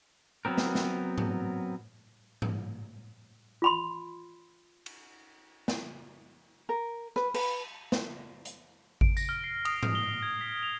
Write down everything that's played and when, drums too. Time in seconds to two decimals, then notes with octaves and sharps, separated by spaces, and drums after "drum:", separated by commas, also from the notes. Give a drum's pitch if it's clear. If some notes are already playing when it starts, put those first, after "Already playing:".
0.45 F#3 B3 C4 A#4
0.58 drum: snare
0.75 drum: snare
1.18 drum: tom G#2
2.42 drum: tom G#2
3.62 F4 B5 C6
4.86 drum: cymbal
5.68 drum: snare
6.69 A#4
7.16 B4, drum: rim click
7.34 B4, drum: cymbal
7.92 drum: snare
8.45 drum: hi-hat
9.01 D7, drum: kick G#1
9.17 A#6, drum: tambourine
9.29 F6
9.44 C7
9.65 D#6, drum: cymbal
9.83 F6, drum: tom G#2
9.95 G7
10.23 G#6
10.41 B6
10.63 F7